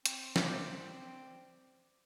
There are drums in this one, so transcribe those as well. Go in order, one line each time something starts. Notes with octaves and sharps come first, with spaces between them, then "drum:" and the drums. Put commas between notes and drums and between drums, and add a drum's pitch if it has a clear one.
C4, drum: hi-hat
C5 D5, drum: snare